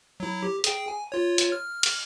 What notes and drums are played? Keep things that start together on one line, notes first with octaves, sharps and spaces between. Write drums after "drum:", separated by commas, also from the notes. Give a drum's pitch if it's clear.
F#3 E4
G4
G#4 G5, drum: hi-hat
G#5
F4 C#5
drum: hi-hat
F6
drum: cymbal